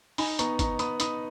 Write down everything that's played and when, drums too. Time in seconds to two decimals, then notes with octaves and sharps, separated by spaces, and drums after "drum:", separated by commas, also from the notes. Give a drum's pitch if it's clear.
0.18 D#4 G#5 B5, drum: open hi-hat
0.39 B3 A#5 C#6, drum: hi-hat
0.59 D#4 A#5 C#6, drum: kick, hi-hat
0.79 B3 B5 D#6, drum: hi-hat
1.00 D#4 B5 D#6, drum: hi-hat